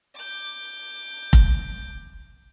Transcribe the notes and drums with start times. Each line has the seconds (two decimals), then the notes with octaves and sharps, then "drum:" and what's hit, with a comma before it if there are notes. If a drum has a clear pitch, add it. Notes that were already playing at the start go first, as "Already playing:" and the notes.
0.17 D6 G6
1.33 drum: kick F1